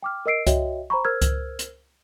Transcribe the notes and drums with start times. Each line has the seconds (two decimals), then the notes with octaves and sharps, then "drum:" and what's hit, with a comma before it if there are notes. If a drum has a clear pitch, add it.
0.03 G5 D6 F6
0.26 A#4 D#5 E6 C7 D7
0.47 F#4 C#5 D#5 E5 G5, drum: kick C#2, hi-hat
0.90 C5 A#5 B5 C#6
1.05 A#4 C5 E6 F6 G#6
1.22 drum: kick C#2, hi-hat
1.59 drum: hi-hat